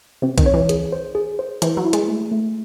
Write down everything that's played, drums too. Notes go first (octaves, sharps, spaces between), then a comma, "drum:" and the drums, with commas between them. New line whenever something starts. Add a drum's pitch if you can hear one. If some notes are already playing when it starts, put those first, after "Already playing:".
C3 C4
D#3, drum: kick B1, hi-hat
C#5
E3
G#4, drum: hi-hat
C5
G#4
C5
E3 C5, drum: hi-hat
F#3
E4
G#3, drum: hi-hat
A3
A3